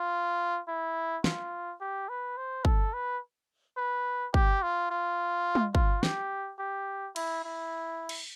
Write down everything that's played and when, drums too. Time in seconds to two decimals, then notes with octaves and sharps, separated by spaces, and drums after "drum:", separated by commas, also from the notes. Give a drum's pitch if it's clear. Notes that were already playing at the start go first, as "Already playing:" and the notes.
Already playing: F4
0.68 E4
1.24 F4, drum: snare
1.81 G4
2.09 B4
2.37 C5
2.65 A4, drum: kick
2.93 B4
3.77 B4
4.34 G4, drum: kick
4.63 F4
4.91 F4
5.55 drum: tom
5.75 F4, drum: kick
6.03 G4, drum: snare
6.59 G4
7.16 E4, drum: cymbal
7.44 E4
8.09 drum: cymbal